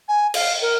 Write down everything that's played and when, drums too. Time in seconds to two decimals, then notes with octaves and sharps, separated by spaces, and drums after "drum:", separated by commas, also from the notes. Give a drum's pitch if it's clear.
0.08 G#5
0.34 F5, drum: cymbal
0.61 A#4